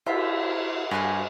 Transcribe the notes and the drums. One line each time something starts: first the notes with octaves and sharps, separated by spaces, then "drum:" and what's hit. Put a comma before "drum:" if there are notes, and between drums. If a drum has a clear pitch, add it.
E4 F4 E5, drum: cymbal
G2 A#3 F#5 G#5